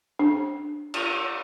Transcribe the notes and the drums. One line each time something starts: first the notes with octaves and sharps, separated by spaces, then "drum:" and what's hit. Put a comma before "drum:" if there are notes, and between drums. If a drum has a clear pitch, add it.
D4
drum: cymbal